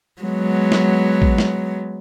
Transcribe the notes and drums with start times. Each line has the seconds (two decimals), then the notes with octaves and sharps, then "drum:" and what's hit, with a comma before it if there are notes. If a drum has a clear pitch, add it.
0.22 F#3 G#3 B3
0.72 drum: snare
1.22 drum: kick
1.38 drum: snare